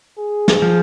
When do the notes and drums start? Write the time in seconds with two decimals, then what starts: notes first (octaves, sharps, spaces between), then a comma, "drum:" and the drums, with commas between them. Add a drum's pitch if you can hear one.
0.18 G#4
0.48 drum: snare
0.62 F3